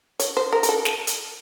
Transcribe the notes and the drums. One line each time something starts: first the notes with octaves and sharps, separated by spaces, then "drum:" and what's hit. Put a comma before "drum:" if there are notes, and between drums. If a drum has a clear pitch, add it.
C#5, drum: hi-hat
C5
A#4
A#4, drum: hi-hat
A4
drum: snare
drum: hi-hat